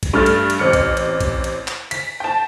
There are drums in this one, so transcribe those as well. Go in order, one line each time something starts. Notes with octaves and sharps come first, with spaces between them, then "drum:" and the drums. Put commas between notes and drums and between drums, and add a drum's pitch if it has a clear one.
drum: kick A#1, cymbal
G2 A3 F6 A6
drum: cymbal
drum: cymbal
A1 C4 F6 C#7
drum: kick A#1, cymbal
drum: cymbal
drum: kick A#1, cymbal
drum: cymbal
drum: clap
B6, drum: cymbal
G5 A5